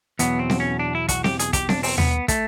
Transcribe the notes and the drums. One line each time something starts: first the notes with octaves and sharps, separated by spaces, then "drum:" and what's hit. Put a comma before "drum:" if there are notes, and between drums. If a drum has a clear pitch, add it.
E2 B2 F#3 B3, drum: hi-hat
C4
drum: snare C4
C#4
D4
E4
F#4, drum: kick, hi-hat
G4, drum: snare C4
G#4, drum: hi-hat
G4, drum: kick, hi-hat
D4, drum: snare C4
C4, drum: open hi-hat
B3, drum: tom D#2
A3, drum: kick, hi-hat